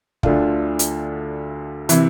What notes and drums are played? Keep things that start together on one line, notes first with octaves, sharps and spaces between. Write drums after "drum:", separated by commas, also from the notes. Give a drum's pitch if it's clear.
D2 D3 A3 D4 F4, drum: kick
drum: hi-hat
C3 E3, drum: hi-hat